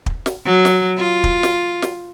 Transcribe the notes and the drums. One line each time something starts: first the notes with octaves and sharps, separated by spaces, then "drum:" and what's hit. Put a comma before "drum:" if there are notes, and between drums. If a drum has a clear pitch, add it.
drum: kick
drum: snare
F#3
drum: snare
F4
drum: kick
drum: snare
drum: snare